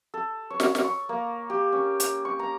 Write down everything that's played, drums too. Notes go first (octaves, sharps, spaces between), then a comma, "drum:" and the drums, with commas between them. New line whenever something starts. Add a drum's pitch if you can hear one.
A4
C#5
drum: snare
drum: snare
C#6
A#3
G4
C#4
drum: hi-hat
C#6
A#5